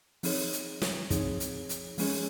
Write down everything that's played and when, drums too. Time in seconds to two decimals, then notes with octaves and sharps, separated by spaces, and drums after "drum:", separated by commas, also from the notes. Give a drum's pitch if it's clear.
0.23 F3 C4 D#4 G#4 C#5, drum: open hi-hat
0.52 drum: hi-hat
0.82 drum: snare
1.10 F3 C4 D#4 G#4 C#5, drum: kick, hi-hat
1.40 drum: hi-hat
1.69 drum: hi-hat
1.98 F3 G#3 C#4 G#4 C#5, drum: open hi-hat